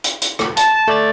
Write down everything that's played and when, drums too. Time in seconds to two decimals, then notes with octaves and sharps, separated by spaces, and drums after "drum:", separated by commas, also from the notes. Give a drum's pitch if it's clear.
0.04 drum: hi-hat
0.22 drum: hi-hat
0.39 drum: rim click
0.57 A5, drum: hi-hat
0.88 A3 D5 A6